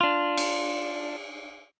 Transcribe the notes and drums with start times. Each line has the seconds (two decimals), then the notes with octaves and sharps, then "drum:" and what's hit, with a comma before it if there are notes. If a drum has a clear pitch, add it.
0.01 D4 F4
0.37 drum: cymbal